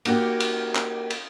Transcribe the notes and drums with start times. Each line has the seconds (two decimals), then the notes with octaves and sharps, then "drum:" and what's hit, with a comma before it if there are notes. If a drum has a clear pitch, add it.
0.05 A#3 D#4 F#4 G4 A#4, drum: cymbal
0.40 drum: cymbal
0.75 drum: clap
1.10 drum: cymbal